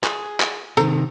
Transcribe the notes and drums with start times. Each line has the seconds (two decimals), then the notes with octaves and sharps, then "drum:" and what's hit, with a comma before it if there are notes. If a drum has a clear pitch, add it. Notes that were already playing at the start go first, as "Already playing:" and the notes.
0.04 G#4, drum: clap
0.40 drum: clap
0.77 C3 D#3 A4 C5 A#5, drum: tambourine